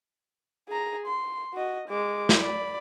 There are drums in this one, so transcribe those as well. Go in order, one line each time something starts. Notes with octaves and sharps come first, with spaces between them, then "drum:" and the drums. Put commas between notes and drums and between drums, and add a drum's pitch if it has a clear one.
G#4 A#5
C6
F#4 D#5
G#3 D6
drum: snare
D5 B5